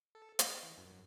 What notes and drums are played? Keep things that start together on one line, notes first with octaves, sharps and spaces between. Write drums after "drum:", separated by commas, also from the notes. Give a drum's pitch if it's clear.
A4
D#5, drum: hi-hat
E3
F#2